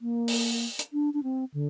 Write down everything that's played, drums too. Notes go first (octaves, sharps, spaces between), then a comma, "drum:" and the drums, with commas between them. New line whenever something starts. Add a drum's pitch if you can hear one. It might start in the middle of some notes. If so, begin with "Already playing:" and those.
A#3
drum: open hi-hat
drum: hi-hat
D4
D4
C4
D3